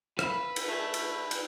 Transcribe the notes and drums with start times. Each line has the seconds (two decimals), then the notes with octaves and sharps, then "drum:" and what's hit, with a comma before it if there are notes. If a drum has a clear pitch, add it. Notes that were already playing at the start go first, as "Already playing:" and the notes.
0.19 B4 E5 F5 B5, drum: rim click
0.56 drum: cymbal
0.68 A3 G#4
0.94 drum: cymbal
1.31 drum: cymbal